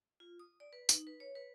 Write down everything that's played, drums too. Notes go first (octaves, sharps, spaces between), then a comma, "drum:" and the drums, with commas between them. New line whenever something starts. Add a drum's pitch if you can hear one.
F4
D#6
D5
B4
D#4, drum: tambourine
B4
C#5
B4